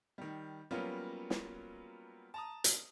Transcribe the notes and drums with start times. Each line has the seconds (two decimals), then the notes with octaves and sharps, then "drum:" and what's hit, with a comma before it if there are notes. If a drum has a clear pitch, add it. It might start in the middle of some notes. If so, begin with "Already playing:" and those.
0.18 D#3 G3
0.71 F#3 G3 A#3 B3 C#4 F4
1.30 drum: snare
2.34 A5 A#5 D#6
2.64 drum: hi-hat